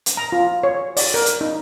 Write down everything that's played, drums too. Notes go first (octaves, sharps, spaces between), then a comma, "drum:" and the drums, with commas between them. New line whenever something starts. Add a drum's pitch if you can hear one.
drum: hi-hat
A#5
F4
C#5
D5, drum: open hi-hat
A#4
drum: hi-hat
D#4